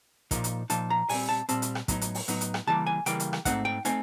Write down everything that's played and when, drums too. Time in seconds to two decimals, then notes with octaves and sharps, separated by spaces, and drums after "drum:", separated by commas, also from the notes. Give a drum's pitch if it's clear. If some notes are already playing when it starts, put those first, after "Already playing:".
0.31 A#2 F3 A#3 D#4, drum: kick, hi-hat
0.44 drum: hi-hat
0.70 A#2 F3 A#3 D#4 A5, drum: hi-hat
0.90 A#5
1.09 A#2 G3 C4 G#5, drum: open hi-hat
1.29 A5
1.49 A#2 G3 C4 A5, drum: hi-hat
1.62 drum: hi-hat
1.75 drum: rim click
1.88 A2 F#3 B3 D#4, drum: kick, hi-hat
2.01 drum: hi-hat
2.15 drum: open hi-hat
2.28 A2 F#3 B3 D#4, drum: hi-hat
2.41 drum: hi-hat
2.54 drum: rim click
2.67 C#3 E3 G3 A#3 A5
2.87 G#5
3.06 C#3 E3 G3 A#3 G5, drum: hi-hat
3.20 drum: hi-hat
3.33 drum: rim click
3.45 G#2 F3 A3 C4 D#4 F#5, drum: kick, hi-hat
3.65 G5
3.85 A3 C4 D#4 G#5, drum: hi-hat